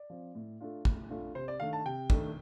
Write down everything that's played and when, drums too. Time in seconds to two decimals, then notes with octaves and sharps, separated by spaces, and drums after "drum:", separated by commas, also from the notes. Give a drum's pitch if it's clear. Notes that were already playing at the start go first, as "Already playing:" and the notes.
Already playing: D5
0.10 F3 C4
0.35 A2
0.61 A3 D4 F4
0.85 A2, drum: kick
1.10 A3 D4 F4
1.35 C3 C5
1.48 D5
1.60 D#3 A3 D4 F5
1.73 A5
1.85 C3 G5
2.10 D#3 A3 D4, drum: kick